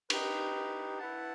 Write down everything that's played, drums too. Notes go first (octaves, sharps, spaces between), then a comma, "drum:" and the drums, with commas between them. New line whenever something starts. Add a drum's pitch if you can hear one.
D#4 G4 B4, drum: cymbal
E4 B4 F#5 A5